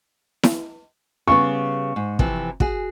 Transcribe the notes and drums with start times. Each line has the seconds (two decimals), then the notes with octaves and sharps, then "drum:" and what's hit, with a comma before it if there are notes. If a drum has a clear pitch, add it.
0.43 drum: snare E4
1.28 C#3 G3 B3 C#6
1.96 G#2
2.19 C3 E3 F3, drum: kick
2.60 F#4 G#4, drum: kick